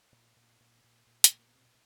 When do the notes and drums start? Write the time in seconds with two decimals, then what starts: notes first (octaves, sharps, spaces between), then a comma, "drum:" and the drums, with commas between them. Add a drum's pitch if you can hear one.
0.12 A#2
0.36 A#2
0.60 A#2
0.84 A#2
1.07 A#2
1.24 G#3, drum: hi-hat
1.30 A#2 A3
1.39 A#3
1.48 B3
1.54 B2 C4